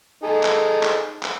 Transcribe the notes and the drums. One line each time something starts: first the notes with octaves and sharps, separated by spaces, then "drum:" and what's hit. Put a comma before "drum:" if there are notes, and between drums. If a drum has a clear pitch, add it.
D#4 G#4 A4
drum: clap
drum: clap
drum: clap